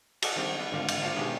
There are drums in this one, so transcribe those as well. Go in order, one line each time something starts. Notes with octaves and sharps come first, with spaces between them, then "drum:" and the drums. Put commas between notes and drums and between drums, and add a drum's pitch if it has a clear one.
F#4 G#4 A4 D5 D#5 F#5, drum: cymbal
D#3 G3 C4 D4
B3 D4
G#1 D3 F4 C5 F5
drum: cymbal
A#3 D4 F4 F#4 F5
B2 D#3 G#3 D4 G4 G#4